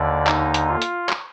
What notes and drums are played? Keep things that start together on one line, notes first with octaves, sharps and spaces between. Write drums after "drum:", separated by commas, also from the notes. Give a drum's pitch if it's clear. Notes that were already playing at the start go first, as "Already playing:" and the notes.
Already playing: D#2 D3 D5
D#4, drum: clap
drum: hi-hat
F4
drum: hi-hat
drum: clap